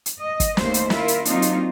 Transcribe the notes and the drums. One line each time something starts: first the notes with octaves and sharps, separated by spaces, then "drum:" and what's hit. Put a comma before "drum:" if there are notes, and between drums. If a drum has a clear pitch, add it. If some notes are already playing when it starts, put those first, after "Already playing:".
drum: hi-hat
D#5
drum: kick, hi-hat
D#2 A3 A#3 C5, drum: snare
drum: hi-hat
E4 F4 A#4, drum: snare
drum: hi-hat
F#3 A#3 C4 D4 D#4 F4, drum: hi-hat
drum: hi-hat